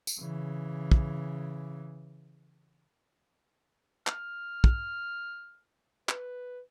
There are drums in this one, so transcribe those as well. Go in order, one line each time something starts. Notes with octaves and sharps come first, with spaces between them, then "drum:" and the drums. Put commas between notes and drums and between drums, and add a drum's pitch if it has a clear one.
drum: tambourine
C#3 E3
drum: kick
F6, drum: clap
drum: kick
B4, drum: clap